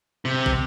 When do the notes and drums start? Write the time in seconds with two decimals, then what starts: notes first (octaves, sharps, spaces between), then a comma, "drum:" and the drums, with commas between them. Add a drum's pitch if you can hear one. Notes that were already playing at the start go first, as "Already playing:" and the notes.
0.25 C3
0.46 drum: kick